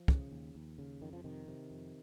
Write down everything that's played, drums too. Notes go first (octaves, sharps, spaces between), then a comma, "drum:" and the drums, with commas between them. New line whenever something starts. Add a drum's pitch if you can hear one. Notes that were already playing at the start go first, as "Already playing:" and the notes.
Already playing: F3
C#3, drum: kick
D#2
D#2
C#3
F2 D#3
F3
C3 D#3
C3
F2